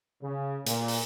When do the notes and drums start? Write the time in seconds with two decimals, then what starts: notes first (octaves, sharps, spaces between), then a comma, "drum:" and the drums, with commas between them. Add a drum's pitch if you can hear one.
0.22 C#3
0.66 A#2, drum: hi-hat
0.88 drum: open hi-hat